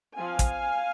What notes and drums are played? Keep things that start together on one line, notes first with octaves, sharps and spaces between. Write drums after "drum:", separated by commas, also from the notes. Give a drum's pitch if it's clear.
F3 C4 F5 G#5
drum: kick, hi-hat